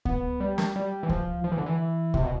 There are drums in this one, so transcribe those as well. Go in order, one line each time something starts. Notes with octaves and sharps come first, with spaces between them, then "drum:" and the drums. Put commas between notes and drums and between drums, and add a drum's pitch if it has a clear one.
B3, drum: kick C#2
G3
drum: snare
G3
E3
F3, drum: kick C#2
F3
E3
D3
E3
C3, drum: kick C#2
B2